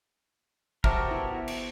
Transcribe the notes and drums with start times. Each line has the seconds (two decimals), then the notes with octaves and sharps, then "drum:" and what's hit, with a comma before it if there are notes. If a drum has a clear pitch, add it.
0.84 F#4 G4 A#4 C5 E5 A5, drum: kick
1.10 B3 E4
1.48 drum: cymbal